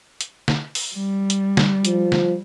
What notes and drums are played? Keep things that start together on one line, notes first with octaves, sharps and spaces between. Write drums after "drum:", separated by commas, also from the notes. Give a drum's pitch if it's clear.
drum: hi-hat
drum: snare
drum: open hi-hat
G3
drum: hi-hat
drum: snare
F3, drum: hi-hat
drum: snare